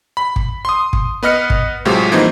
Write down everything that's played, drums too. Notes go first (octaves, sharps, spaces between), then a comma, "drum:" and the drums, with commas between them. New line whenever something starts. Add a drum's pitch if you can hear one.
B5
drum: kick
C6 D#6
drum: kick
B3 B4 D#5 F6 C#7
drum: kick
A2 C3 F#3 G#3 F4 G4
E3 F3 G3 A#3 C4 D#4